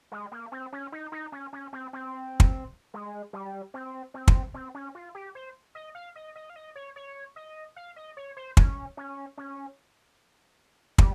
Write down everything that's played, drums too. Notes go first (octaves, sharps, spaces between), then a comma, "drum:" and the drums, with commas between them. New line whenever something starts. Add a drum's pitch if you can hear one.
G#3
A#3
C4
C#4
D#4
D#4
C#4
C#4
C4
C4
drum: kick
G#3
G3
C4
C4
drum: kick
C4
C#4
F4
G4
C5
D#5
F5
D#5
D#5
F5
D#5
C#5
C#5
D#5
F5
D#5
C#5
C5
C#4, drum: kick
C#4
C#4
G3, drum: kick